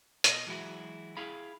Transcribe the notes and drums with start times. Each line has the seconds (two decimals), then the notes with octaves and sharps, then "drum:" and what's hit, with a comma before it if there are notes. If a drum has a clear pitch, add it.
0.24 B2 D#5, drum: hi-hat
0.47 E3 F#3 G#3 E4 F#4
1.17 E4 G#4 F5 B5